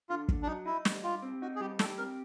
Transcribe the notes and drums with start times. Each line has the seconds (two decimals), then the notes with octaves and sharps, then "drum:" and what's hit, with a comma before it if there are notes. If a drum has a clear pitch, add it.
0.09 D3 F4
0.28 D3, drum: kick
0.43 D4
0.47 F#3 D#4
0.66 D#4 E4
0.85 G3, drum: snare
1.04 F4 G4
1.22 C4
1.42 D#4 F#4
1.56 G#4
1.60 G3 G4
1.79 G4 A4, drum: snare
1.98 C4 A#4